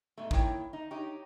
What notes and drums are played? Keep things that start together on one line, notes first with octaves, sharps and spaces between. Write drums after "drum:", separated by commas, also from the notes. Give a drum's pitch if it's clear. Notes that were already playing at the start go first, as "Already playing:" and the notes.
G#2 B2 A3
D#3 A#3 E4 C#5 G5, drum: kick
D#4
D#4 G4 C#5